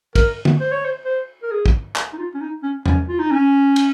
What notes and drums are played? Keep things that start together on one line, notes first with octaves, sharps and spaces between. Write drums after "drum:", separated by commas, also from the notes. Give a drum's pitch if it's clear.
A#4, drum: kick, cymbal
drum: tom
C5
C#5
C5
C5
A#4
G#4
drum: kick
drum: clap
D#4
F4
C#4
D#4
C#4
C#4, drum: tom E2
F4
D#4
C#4
drum: cymbal